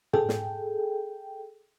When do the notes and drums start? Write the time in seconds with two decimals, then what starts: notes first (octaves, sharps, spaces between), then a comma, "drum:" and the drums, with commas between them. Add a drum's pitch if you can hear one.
0.13 G#4 A4 G5, drum: tom
0.29 drum: snare